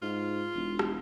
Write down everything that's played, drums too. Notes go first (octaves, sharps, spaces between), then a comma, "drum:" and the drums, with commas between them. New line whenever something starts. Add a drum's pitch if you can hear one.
G#2 F4
E1
drum: rim click